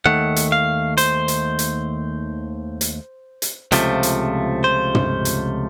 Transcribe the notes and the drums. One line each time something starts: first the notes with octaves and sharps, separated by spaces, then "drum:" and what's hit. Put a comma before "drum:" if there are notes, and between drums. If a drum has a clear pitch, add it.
D#2 D#3 A3 F#5
drum: hi-hat
F5
C5, drum: hi-hat
drum: hi-hat
drum: hi-hat
drum: hi-hat
drum: hi-hat
C#2 C3 F3 A3, drum: hi-hat
drum: hi-hat
C5
drum: tom
drum: hi-hat